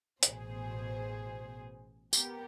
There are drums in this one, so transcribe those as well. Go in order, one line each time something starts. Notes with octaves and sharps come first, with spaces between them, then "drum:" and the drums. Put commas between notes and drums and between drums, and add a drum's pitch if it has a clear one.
A1 B2 G#4 C5, drum: hi-hat
B3 G4 A#4, drum: tambourine